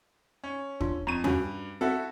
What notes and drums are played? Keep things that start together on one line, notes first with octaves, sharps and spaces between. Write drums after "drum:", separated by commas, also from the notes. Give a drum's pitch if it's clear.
C#4
D4 F4, drum: kick
F2 A#5 C#6 D#7
G2 C#4 F#4, drum: tom
C4 E4 F#4 A4